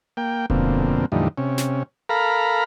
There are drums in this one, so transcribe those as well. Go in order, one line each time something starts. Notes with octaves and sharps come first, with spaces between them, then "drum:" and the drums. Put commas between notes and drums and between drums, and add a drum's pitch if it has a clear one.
A#3 G5
F2 B2 D3 A#3 C4, drum: kick D#1
E2 A2 D3 F3 G3 D#4
C3 C#4
drum: snare
A4 A#4 F5 A#5 B5